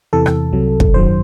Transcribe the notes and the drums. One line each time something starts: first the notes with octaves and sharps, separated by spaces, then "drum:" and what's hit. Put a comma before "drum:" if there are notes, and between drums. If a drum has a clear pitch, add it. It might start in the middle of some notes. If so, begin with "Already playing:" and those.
E2 C3 E3 A4
drum: rim click
C2 C3 F#3
drum: kick
G#1 F#2 D#3 F#3 C5